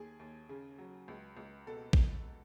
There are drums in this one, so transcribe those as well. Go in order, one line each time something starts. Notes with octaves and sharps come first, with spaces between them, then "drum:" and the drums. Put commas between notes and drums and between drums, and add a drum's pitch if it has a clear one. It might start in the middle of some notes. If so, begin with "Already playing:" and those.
Already playing: D#2 G#4
D#2
C#3
F#3
C#2
C#2
B2 A4
drum: kick A1